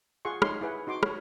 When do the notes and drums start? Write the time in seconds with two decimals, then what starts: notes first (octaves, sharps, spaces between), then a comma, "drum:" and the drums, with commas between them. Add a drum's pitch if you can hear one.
0.25 F4 G#4 F#5 C6 C#6
0.42 D#4 C#5 C6, drum: rim click
0.61 E4 G#4 B4 F#5
0.87 D#4 F#4 C6 D6
1.03 C#5, drum: rim click